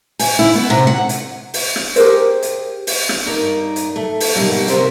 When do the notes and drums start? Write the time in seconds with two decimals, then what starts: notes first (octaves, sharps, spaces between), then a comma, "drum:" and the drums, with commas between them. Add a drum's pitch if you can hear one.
0.19 G#5, drum: open hi-hat
0.39 E4
0.55 B3
0.70 C3
0.87 F#5
1.09 drum: hi-hat
1.54 drum: open hi-hat
1.76 drum: rim click
1.96 G4 G#4 A#4 C5, drum: hi-hat
2.43 drum: hi-hat
2.87 drum: open hi-hat
3.09 drum: rim click
3.26 G2 D#4 A#4 D5
3.76 drum: hi-hat
3.96 A3
4.20 drum: open hi-hat
4.35 B2 D3 G3 A#3 D#4
4.68 D#2 C3 G4 A#4 C5, drum: hi-hat